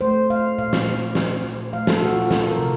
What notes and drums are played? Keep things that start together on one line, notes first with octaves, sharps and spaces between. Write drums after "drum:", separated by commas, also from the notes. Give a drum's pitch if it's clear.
A3 C5
A3 F5
A#2 F5
drum: snare
F3
F3, drum: snare
A#2
A3 F5
A4, drum: snare
A#2 F#4
F4
D#3 A4, drum: snare
A#4
C3